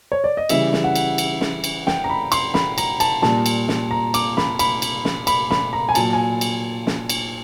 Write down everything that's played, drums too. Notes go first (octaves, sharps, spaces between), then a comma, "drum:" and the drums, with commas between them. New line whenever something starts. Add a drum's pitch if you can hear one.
C#5
D5
D#5
C#3 E3 G3 E5, drum: cymbal
drum: snare
F#5
drum: cymbal
drum: cymbal
drum: snare
drum: cymbal
G5, drum: snare
A#5
B5
C6, drum: cymbal
B5, drum: snare
A#5, drum: cymbal
A5, drum: cymbal
A#2 G3 A5, drum: snare
drum: cymbal
drum: snare
A#5
D6, drum: cymbal
B5, drum: snare
B5, drum: cymbal
drum: cymbal
drum: snare
B5, drum: cymbal
B5, drum: snare
A#5
G#5
A#2 F#3 A5, drum: cymbal
G#5
drum: cymbal
drum: snare
drum: cymbal